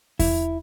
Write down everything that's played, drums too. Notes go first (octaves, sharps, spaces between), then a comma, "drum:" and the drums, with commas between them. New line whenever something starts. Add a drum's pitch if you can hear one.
E4, drum: kick E2, open hi-hat